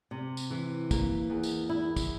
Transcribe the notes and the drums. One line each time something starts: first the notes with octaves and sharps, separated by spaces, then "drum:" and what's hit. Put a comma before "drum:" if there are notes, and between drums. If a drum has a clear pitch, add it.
C3
drum: tambourine
E3
A#3, drum: kick, tambourine
E2
drum: tambourine
E4
drum: kick, tambourine